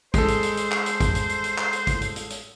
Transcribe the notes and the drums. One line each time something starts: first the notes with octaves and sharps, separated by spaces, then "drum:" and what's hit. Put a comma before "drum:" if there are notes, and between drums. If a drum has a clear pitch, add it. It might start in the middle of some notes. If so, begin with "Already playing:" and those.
G#3 A4 C5, drum: kick G#1, hi-hat
drum: hi-hat
drum: hi-hat
drum: hi-hat
drum: clap
drum: hi-hat
drum: kick G#1, hi-hat
drum: hi-hat
drum: hi-hat
drum: hi-hat
drum: clap
drum: hi-hat
drum: kick G#1, hi-hat
drum: hi-hat
drum: hi-hat
drum: hi-hat